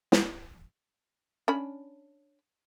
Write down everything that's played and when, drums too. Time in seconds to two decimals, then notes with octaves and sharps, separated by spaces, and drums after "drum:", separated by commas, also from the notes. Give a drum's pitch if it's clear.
0.12 drum: snare
1.48 C#4 D4 B5